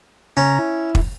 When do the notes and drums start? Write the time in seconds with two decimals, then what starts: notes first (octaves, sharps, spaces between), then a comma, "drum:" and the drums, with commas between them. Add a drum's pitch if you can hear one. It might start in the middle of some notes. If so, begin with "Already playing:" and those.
0.37 C#3 C#4 A#5
0.59 E4
0.95 drum: kick